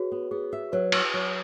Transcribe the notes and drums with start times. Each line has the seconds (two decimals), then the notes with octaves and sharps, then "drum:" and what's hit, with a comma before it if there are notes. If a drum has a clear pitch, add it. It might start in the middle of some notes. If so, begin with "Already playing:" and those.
Already playing: F#4 G#4 B4 C#5
0.12 B3
0.31 B3 G#4
0.53 E5
0.72 F#3 B4
0.92 F#4, drum: cymbal
1.14 F#3